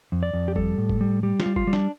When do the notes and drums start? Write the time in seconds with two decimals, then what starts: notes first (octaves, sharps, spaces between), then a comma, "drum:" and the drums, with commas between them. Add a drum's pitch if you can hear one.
0.12 F2
0.23 D5
0.33 F2
0.48 G4
0.56 G3 A4, drum: kick
0.78 A2
0.89 drum: kick
1.01 G3
1.23 G3 G4
1.40 F4, drum: snare
1.46 G3
1.56 F4, drum: kick
1.67 G3
1.73 D4, drum: snare